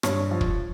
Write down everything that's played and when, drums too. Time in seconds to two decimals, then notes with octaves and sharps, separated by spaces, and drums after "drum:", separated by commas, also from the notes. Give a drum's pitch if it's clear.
0.03 G2 C#5, drum: rim click
0.31 F3
0.41 drum: kick